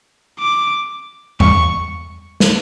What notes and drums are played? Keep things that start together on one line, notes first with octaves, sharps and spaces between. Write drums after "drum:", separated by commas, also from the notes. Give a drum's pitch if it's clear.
D6
C#6, drum: tom E2
drum: snare